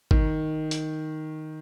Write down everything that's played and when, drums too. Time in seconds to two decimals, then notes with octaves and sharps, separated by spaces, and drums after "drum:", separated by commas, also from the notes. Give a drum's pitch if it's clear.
0.11 D#3, drum: kick G#1
0.71 drum: hi-hat